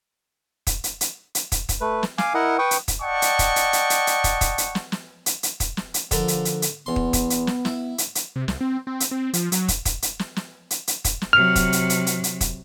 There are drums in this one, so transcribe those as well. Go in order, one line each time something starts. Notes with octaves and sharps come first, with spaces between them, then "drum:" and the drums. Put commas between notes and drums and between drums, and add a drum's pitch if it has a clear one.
drum: kick, hi-hat
drum: hi-hat
drum: hi-hat
drum: hi-hat
drum: kick, hi-hat
drum: kick, hi-hat
A3 B4
drum: snare
F5 G#5 D6, drum: snare
E4 A#4 D#5 F#5
B4 G5 C#6 D#6
drum: hi-hat
drum: kick, hi-hat
D5 D#5 F#5 G5 A5 C#6
drum: hi-hat
drum: kick, hi-hat
drum: hi-hat
drum: hi-hat
drum: hi-hat
drum: hi-hat
drum: kick, hi-hat
drum: kick, hi-hat
drum: hi-hat
drum: snare
drum: snare
drum: hi-hat
drum: hi-hat
drum: kick, hi-hat
drum: snare
drum: hi-hat
D3 F3 A4 A#4, drum: kick, hi-hat
drum: hi-hat
drum: hi-hat
drum: hi-hat
E2 B3 C6
drum: kick
drum: kick, hi-hat
drum: hi-hat
drum: snare
E4, drum: snare
drum: hi-hat
drum: hi-hat
C3
C2, drum: snare
C4
C4
drum: hi-hat
C4
F3, drum: hi-hat
F#3, drum: hi-hat
drum: kick, hi-hat
drum: kick, hi-hat
drum: hi-hat
drum: snare
drum: snare
drum: hi-hat
drum: hi-hat
drum: kick, hi-hat
drum: snare
C3 F#3 F6
drum: kick, hi-hat
drum: hi-hat
drum: hi-hat
drum: hi-hat
drum: hi-hat
drum: kick, hi-hat